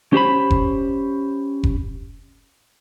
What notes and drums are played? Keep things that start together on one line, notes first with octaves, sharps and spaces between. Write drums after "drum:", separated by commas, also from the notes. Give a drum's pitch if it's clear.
C#4 G4 C5 B5
drum: kick F1
drum: kick F1